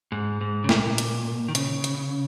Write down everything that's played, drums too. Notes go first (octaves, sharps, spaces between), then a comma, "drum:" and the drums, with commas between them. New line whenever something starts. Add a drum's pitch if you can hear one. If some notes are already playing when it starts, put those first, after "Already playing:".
G#2
G#2
C#3
A#2, drum: snare
drum: hi-hat
D#3
C#3, drum: hi-hat
drum: hi-hat